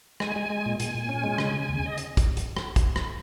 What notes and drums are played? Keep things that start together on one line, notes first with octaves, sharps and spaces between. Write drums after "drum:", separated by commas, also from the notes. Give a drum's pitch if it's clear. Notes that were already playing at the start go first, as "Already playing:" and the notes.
G#3 G#5, drum: rim click
G#3
G#3
A#2
A#2 G#5, drum: hi-hat
A#2
C#4
G#3
C#3, drum: rim click
C#3
D#2
D#5
drum: hi-hat
drum: kick, hi-hat
drum: hi-hat
drum: rim click
drum: kick, hi-hat
drum: rim click